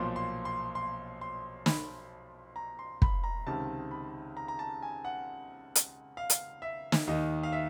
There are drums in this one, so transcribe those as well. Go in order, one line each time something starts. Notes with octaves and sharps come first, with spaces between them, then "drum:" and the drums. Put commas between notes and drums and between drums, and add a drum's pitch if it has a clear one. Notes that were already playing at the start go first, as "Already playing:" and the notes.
Already playing: B1 A#2 F3 C6
C6
C6
C6
C6
B5, drum: snare
A#5
C6
B5, drum: kick
A#5
C#2 C3 D#3 A5
B5
A#5
A#5
A5
G#5
F#5
drum: hi-hat
F5
drum: hi-hat
E5
drum: snare
D#2 D#3 D#5
F5
E5